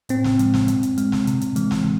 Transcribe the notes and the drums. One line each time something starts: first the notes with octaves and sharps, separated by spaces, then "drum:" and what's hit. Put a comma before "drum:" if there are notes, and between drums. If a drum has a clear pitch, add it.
A2 C4, drum: hi-hat
drum: snare
F3 G#3, drum: hi-hat
drum: snare
B2, drum: hi-hat
drum: hi-hat
G#3, drum: hi-hat
drum: snare
C3, drum: hi-hat
drum: hi-hat
E3 G#3, drum: hi-hat
drum: snare